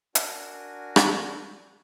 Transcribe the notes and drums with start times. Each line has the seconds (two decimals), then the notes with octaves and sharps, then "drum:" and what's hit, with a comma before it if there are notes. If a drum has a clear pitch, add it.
0.15 D4 F#4 A#4 G#5, drum: hi-hat
0.96 drum: rim click